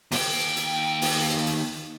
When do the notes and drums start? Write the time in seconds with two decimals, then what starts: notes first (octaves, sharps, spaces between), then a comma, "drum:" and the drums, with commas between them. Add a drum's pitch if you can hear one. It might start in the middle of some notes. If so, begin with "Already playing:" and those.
0.11 D#2 G5, drum: open hi-hat
0.57 drum: hi-hat
1.02 drum: open hi-hat
1.47 drum: hi-hat